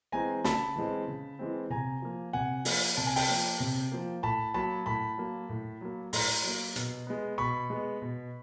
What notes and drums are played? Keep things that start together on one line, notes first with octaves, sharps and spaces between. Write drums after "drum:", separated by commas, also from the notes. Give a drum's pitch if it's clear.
E3 G#3 C4 G#5 A#5
C#3 A5 B5, drum: snare
E3 G#3 C4
C#3
E3 G#3 C4
C3 G#5 A#5
F3 A#3
C3 F#5 G#5
F3 A#3, drum: open hi-hat
C3 A5
G#5
G5 A5, drum: open hi-hat
F3 A#3
C3
F3 A#3
A2 A5 B5
F#3 A#3 A5 B5
A2 A5 B5
F#3 A#3
A2
F#3 A#3
A2 A#5 C6, drum: open hi-hat
F#3 A#3
B2, drum: hi-hat
G#3 B3
B2 B5 C#6
G#3 B3
B2